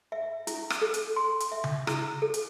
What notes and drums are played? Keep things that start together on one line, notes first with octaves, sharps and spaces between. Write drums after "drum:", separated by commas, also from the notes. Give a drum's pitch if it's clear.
E5
E4, drum: hi-hat
drum: rim click
A4
drum: hi-hat
C6
drum: hi-hat
E5
drum: tom C#3
E4, drum: rim click
A4
drum: hi-hat